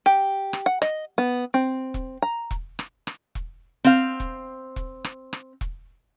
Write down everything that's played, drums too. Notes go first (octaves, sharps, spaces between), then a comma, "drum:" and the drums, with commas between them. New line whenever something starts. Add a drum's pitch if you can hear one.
G4
drum: rim click
F#5
D#5, drum: rim click
B3
C4
drum: kick E1
A#5
drum: kick E1
drum: rim click
drum: rim click
drum: kick E1
C4 F5
drum: kick E1
drum: kick E1
drum: rim click
drum: rim click
drum: kick E1